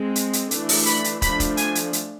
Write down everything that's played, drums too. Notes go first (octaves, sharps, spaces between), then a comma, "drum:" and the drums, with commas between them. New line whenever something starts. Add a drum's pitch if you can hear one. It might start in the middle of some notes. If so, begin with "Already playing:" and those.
Already playing: G#3 C4
drum: hi-hat
drum: hi-hat
E3 A3 D4, drum: hi-hat
drum: open hi-hat
B5, drum: hi-hat
drum: hi-hat
F3 A3 D4 B5, drum: kick, hi-hat
drum: kick, hi-hat
G#5, drum: hi-hat
drum: hi-hat
drum: hi-hat